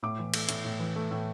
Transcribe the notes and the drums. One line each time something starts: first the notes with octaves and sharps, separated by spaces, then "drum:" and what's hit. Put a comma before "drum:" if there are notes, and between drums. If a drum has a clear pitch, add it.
A2 D6
E3
A3, drum: cymbal
A2, drum: hi-hat
A2
E3
A3
A2